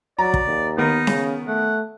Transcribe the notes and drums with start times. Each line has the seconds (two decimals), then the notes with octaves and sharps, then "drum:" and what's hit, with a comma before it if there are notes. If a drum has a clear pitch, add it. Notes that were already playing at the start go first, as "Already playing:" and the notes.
0.19 F#3 D5 A#5
0.34 drum: kick
0.48 D#2
0.78 D#3 B3 D#4 A#4
1.07 C#3, drum: snare C#4
1.48 A3 F#5